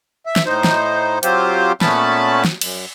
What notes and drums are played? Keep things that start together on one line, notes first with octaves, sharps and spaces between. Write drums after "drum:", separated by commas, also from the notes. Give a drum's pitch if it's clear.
E5
drum: snare
A2 D#4 C5
drum: snare
F#3 C4 F4 G4 C5, drum: hi-hat
A#2 A3 B3 C#4 A5 B5, drum: snare
drum: snare
F#2, drum: cymbal